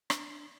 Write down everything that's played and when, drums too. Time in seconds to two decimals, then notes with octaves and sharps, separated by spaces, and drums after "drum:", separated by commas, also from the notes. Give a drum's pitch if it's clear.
0.10 D4, drum: rim click